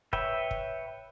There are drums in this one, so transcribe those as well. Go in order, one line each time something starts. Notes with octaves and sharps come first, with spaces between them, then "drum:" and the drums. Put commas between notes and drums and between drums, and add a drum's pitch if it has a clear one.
B4 C#5 E5 G5, drum: kick
drum: kick